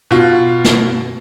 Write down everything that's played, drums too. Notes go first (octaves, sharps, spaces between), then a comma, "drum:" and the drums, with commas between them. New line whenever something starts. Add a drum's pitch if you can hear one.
B2 F4
drum: snare